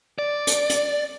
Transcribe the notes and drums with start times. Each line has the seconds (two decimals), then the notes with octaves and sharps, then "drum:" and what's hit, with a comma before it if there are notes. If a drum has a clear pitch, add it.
0.19 D5
0.47 drum: hi-hat
0.70 drum: hi-hat